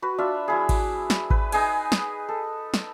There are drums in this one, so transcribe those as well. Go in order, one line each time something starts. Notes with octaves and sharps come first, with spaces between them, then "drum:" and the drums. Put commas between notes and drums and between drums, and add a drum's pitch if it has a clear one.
F#4 B4
D4 F4 E5
F#3 E4 G#4
drum: kick G#1, cymbal
drum: snare
B4, drum: kick G#1
D#4 G#4 G#5, drum: cymbal
drum: snare
A4
drum: snare